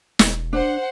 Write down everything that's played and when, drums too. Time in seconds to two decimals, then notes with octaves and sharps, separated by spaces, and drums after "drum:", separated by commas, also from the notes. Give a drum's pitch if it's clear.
0.19 E1, drum: snare
0.53 D4 C5 F#5